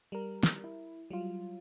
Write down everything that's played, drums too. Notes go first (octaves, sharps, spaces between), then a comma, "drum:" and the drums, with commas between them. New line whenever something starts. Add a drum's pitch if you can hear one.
G3 A#4
drum: snare
E4
F#3 G3 F4